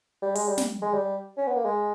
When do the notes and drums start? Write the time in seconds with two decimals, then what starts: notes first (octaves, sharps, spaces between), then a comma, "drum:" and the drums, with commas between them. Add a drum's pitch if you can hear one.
0.22 G3
0.35 G#3, drum: open hi-hat
0.48 G3
0.58 drum: snare
0.82 G#3
0.94 G3
1.37 C#4
1.47 B3
1.55 A#3
1.65 G#3